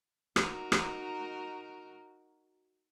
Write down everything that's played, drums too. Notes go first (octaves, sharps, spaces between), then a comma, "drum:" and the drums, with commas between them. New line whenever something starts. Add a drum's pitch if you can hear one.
D#4 F#4 A#4, drum: rim click
drum: rim click